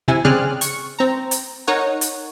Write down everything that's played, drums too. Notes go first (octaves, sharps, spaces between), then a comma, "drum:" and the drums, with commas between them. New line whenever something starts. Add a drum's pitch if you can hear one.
C3 E4 G#5
C#3 C4 G#4 D5 F6 F#6
C#6, drum: hi-hat
C4 A#5
drum: hi-hat
D#4 A#4 C#5 F#5
drum: hi-hat